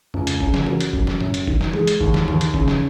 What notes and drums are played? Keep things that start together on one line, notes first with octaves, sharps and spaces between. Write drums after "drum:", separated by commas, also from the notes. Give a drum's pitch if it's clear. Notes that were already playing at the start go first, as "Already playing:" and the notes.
C#2, drum: tom F2
drum: hi-hat
C#3, drum: kick
drum: snare
F#3 A#4, drum: tom E3
drum: hi-hat
F#2, drum: kick
drum: snare
F#2, drum: tom A2
drum: hi-hat
D#3, drum: kick
drum: snare
G#3 G#4, drum: tom E3
drum: hi-hat
D#2, drum: kick
drum: snare
D#2, drum: tom E3
drum: hi-hat
C#3, drum: kick
drum: snare